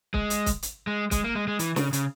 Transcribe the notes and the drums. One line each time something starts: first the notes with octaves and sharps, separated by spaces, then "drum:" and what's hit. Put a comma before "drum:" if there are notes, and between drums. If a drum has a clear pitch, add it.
G#3, drum: kick
drum: hi-hat
drum: kick, hi-hat
drum: hi-hat
G#3
G#3, drum: kick, hi-hat
A#3
G#3
G#3
E3, drum: hi-hat
C#3, drum: snare
C#3, drum: hi-hat